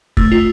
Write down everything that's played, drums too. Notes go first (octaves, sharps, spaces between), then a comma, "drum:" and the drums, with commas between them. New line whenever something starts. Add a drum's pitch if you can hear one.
A3, drum: kick
F4